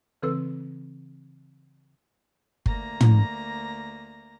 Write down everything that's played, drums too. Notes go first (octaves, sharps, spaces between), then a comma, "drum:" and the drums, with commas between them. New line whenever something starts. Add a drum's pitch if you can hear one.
C#3 E3 C4 A4 B4 E6
D2 A#3 A#5 A#6, drum: kick G1
drum: tom